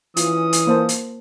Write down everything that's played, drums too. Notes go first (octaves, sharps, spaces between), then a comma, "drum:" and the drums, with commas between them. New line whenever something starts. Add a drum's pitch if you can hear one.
E3 C#4 F4 D#6, drum: hi-hat
drum: hi-hat
A#3 C5 A5
drum: hi-hat